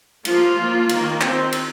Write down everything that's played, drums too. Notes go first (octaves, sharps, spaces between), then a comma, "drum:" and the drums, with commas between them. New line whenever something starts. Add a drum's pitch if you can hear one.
F3 A#3 F4, drum: cymbal
F3 A#3
D#3 A#3, drum: cymbal
D#3 C4, drum: clap
drum: cymbal